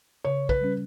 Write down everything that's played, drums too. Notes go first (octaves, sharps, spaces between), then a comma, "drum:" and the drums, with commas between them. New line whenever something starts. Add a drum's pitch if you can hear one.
C#3 C#5
B4, drum: kick
G3 C#4